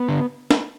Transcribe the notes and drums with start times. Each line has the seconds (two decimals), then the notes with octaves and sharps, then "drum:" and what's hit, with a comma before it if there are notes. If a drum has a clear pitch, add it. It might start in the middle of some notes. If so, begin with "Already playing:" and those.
Already playing: B3
0.09 D3
0.51 drum: snare